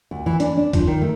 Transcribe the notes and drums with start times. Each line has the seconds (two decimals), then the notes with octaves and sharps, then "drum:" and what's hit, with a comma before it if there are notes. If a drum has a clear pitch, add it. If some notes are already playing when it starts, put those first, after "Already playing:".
0.11 D2
0.26 E3
0.40 D4, drum: hi-hat
0.57 D4
0.73 F3, drum: kick, hi-hat
0.87 D#3
1.02 A3